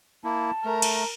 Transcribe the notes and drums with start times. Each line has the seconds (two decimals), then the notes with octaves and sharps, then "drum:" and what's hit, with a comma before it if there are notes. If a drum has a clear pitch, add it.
0.24 A#3 E4 A5
0.65 A3 A#4 A#5
0.82 drum: cymbal